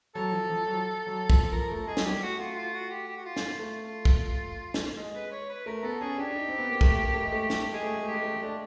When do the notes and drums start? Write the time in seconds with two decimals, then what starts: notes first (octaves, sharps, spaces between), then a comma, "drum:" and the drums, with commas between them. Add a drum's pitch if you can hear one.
0.15 F#3 A4
0.32 F3
0.50 F3
0.66 F#3
1.07 F#3
1.30 F3, drum: kick
1.52 F3 A#4
1.70 A3 A4
1.87 G#3 G#4
1.97 F#3, drum: snare
2.04 G3 G4
2.21 A3 F#4
2.39 F4
2.56 F4
2.73 F#4
2.90 G4
3.08 G4
3.17 F#4
3.25 F4
3.37 drum: snare
3.59 A3 F4
4.05 drum: kick
4.74 drum: snare
4.97 G#3
5.15 B4
5.32 C#5
5.49 B4
5.66 A3 A#4
5.83 B3 A4
6.01 C#4 G#4
6.17 D4 G4
6.31 D4
6.36 D#4
6.48 C4
6.59 B3
6.70 A#3
6.81 A3, drum: kick
7.04 A#3
7.14 A3
7.23 G#3
7.32 A3
7.50 drum: snare
7.72 G#3 G#4
7.83 A3
7.93 G#3
8.03 A3 G4
8.13 G#3
8.23 A3
8.34 G#3
8.42 A3 D4